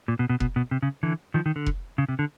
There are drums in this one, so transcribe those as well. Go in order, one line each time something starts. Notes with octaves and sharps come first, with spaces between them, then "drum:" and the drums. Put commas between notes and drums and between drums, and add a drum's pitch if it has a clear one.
A#2
B2
B2
B2, drum: kick F1
B2
C3
C#3
D3 E3
D#3 F3
D#3
D3
drum: kick F1
C#3
C3
D3